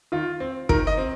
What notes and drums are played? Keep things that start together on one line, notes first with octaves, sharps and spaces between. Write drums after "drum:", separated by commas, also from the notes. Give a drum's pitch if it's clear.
D#3 F4
C4
D#3 A#4, drum: kick
D#5
C4